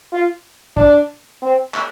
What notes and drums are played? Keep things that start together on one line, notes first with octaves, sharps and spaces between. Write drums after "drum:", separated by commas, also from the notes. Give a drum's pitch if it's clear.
F4
D4, drum: kick
C4
drum: clap